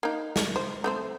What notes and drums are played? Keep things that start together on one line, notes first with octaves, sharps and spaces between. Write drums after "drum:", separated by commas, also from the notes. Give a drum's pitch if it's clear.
A#3 D#4
drum: snare
C5
A3 C4 C5